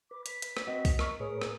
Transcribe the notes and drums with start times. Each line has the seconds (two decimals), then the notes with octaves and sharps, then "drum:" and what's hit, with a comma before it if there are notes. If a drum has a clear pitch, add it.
0.11 B4 D6
0.26 B6, drum: hi-hat
0.42 drum: hi-hat
0.57 drum: rim click
0.67 C4 F#4 D#5
0.85 drum: kick, open hi-hat
0.99 A#4 C#6 F6, drum: rim click
1.20 A2 G#4 A#4 B4 C#5 D#6
1.42 drum: rim click